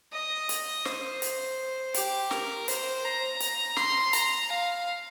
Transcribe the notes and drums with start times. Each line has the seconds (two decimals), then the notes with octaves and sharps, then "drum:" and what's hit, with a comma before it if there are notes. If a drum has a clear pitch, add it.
0.13 D#5
0.49 drum: hi-hat
0.85 C5, drum: snare
1.22 drum: hi-hat
1.94 G4, drum: hi-hat
2.31 A#4, drum: snare
2.68 C5, drum: hi-hat
3.04 A#5
3.40 drum: hi-hat
3.76 C6, drum: snare
4.13 A#5, drum: hi-hat
4.50 F5